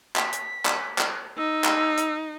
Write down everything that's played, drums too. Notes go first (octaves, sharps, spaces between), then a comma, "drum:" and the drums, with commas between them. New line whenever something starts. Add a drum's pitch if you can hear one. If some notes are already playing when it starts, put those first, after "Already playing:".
B6, drum: clap
drum: hi-hat
drum: clap
drum: clap
D#4 E6
drum: clap
drum: hi-hat